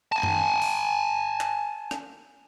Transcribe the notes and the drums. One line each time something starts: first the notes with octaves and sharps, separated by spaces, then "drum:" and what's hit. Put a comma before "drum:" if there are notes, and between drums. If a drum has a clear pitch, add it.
G#5 A5
drum: tom F#2
drum: open hi-hat
drum: clap
drum: rim click